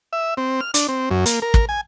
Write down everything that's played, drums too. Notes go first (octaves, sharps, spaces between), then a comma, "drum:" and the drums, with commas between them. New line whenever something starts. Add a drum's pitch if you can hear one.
E5
C4
F6
D4, drum: hi-hat
C4
F#2
A#3, drum: hi-hat
A#4
drum: kick
G#5